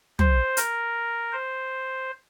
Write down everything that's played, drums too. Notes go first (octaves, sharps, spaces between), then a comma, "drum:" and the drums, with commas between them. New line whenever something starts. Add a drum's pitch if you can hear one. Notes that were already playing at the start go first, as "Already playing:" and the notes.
C5, drum: tom
A#4, drum: hi-hat
C5